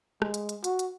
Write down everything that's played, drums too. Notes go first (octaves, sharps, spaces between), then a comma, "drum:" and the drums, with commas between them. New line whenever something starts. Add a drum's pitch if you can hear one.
G#3, drum: rim click
drum: hi-hat
drum: hi-hat
F#4, drum: hi-hat
drum: hi-hat